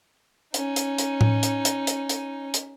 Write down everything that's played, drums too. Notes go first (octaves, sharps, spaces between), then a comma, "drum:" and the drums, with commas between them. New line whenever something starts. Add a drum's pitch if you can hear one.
C#4 D#4, drum: hi-hat
drum: hi-hat
drum: hi-hat
drum: tom A2
drum: hi-hat
drum: hi-hat
drum: hi-hat
drum: hi-hat
drum: hi-hat